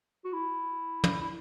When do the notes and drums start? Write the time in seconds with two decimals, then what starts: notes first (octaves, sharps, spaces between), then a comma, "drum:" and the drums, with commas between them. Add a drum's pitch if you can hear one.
0.25 F#4
0.33 E4
1.04 drum: tom
1.21 E4